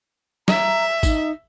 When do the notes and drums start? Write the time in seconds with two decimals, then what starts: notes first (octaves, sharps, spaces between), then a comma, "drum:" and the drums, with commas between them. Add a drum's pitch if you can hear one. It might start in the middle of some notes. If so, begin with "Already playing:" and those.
0.48 E5 A#5, drum: snare
1.03 D#4, drum: kick, tambourine